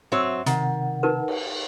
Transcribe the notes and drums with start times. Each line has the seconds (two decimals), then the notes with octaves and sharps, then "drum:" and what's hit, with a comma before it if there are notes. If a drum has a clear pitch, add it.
0.12 F#3 C4 C#5 E5, drum: tom
0.46 C3 D#3 F#5, drum: hi-hat
1.03 D#4 A#4 B4
1.28 drum: cymbal